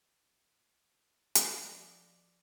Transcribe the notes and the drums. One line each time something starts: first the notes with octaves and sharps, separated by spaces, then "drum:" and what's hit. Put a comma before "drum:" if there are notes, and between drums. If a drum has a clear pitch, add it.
F3 A4 D5 D#5 A5, drum: hi-hat